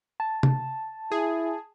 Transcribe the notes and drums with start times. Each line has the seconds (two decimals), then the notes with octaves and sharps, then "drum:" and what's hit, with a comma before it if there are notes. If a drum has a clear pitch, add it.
0.20 A5
0.43 drum: tom
1.12 E4 G#4